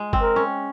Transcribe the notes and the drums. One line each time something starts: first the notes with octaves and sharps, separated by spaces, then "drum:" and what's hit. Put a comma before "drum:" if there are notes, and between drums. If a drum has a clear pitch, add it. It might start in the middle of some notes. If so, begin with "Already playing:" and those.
Already playing: G#3
C4, drum: kick
A#4
C#4